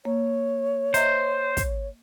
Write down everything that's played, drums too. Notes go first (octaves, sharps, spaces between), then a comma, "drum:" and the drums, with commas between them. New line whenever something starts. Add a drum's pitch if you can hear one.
A#3 C#5
C5 D#5 E5 A#5, drum: hi-hat
drum: kick, hi-hat